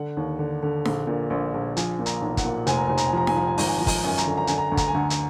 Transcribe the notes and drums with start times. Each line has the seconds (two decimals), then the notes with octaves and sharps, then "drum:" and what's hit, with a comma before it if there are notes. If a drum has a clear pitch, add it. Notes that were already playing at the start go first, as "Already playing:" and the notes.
Already playing: D3 F#5
0.17 D#2
0.39 D3
0.63 D3
0.85 A#1, drum: snare D#4
1.07 A#2
1.30 A#1
1.54 A#1
1.77 F3 G#5, drum: hi-hat
1.99 A#2
2.06 A#5, drum: hi-hat
2.22 B1
2.37 F#5, drum: kick, hi-hat
2.45 A#2
2.67 F1 G#5, drum: hi-hat
2.77 A#5
2.87 F1 G#5
2.97 A#5, drum: hi-hat
3.07 G#5
3.13 F3 A#5
3.27 G#5, drum: snare D#4
3.36 F3 A#5
3.47 G#5
3.58 G#1 A#5, drum: open hi-hat
3.68 G#5
3.78 F3 A#5
3.87 G#5, drum: kick, open hi-hat
3.97 A#5
4.04 F#2 G#5
4.18 A#5, drum: hi-hat
4.27 D3 G#5
4.37 A#5
4.47 D3 G#5, drum: hi-hat
4.58 A#5
4.68 D2 G#5
4.77 A#5, drum: kick, hi-hat
4.88 G#5
4.94 D2
5.10 drum: hi-hat